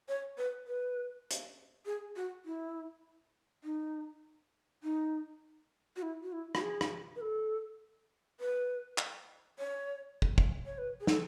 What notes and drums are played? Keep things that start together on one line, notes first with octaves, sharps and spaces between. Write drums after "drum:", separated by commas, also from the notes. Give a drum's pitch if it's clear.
C#5
B4
B4
drum: hi-hat
G#4
F#4
E4
D#4
D#4
F#4
E4
F#4
E4
F#4, drum: rim click
G#4
drum: rim click
B4
A4
B4
drum: clap
C#5
drum: kick
drum: kick
C#5
B4
G#4
A4, drum: snare